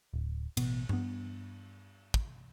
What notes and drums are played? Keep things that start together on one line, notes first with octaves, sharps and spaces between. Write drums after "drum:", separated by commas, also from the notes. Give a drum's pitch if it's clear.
D1
A1 B2 B3, drum: cymbal
G2 B3, drum: tom G2
drum: kick